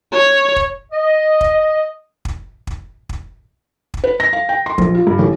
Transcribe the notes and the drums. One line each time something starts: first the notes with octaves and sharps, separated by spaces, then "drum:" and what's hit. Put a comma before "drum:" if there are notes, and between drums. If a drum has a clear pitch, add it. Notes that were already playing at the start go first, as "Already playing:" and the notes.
C#5
drum: kick
D#5
drum: kick
drum: kick
drum: kick
drum: kick
drum: kick
B4
A#6
F5
G5
C6
A#1, drum: kick
F4
G2
A1